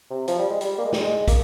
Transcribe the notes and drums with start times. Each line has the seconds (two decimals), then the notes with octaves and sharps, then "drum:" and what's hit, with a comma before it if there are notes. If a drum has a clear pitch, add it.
0.10 C3
0.28 F3, drum: hi-hat
0.38 G3
0.50 G#3
0.61 G3, drum: hi-hat
0.78 A#3
0.85 G#3
0.93 G3, drum: snare
1.01 G#3
1.28 A#3, drum: kick, hi-hat